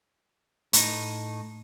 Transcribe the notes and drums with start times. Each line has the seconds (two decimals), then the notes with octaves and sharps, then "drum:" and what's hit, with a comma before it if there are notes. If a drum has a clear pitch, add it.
0.73 A2 D#4, drum: hi-hat